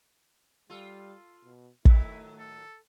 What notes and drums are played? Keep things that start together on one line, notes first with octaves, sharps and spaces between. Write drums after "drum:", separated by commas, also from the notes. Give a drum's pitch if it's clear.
G3 F4 A4
B2
A2 D#3 F#3 A3 E4, drum: kick
A4